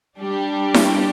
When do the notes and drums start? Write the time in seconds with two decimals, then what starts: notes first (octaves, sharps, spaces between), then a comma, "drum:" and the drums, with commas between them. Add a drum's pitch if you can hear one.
0.19 G3 D4 G4
0.74 drum: snare E4